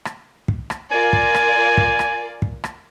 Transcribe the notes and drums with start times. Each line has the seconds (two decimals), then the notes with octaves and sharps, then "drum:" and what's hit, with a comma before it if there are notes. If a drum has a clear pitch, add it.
0.05 drum: rim click
0.48 drum: kick
0.70 drum: rim click
0.91 F4 A#4 D5 G#5
1.13 drum: kick
1.34 drum: rim click
1.78 drum: kick
1.99 drum: rim click
2.42 drum: kick
2.64 drum: rim click